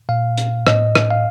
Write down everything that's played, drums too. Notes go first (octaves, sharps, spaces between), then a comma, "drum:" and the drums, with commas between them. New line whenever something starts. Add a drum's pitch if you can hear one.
A#2 F5
drum: hi-hat
A2 D#5, drum: rim click
drum: rim click
F5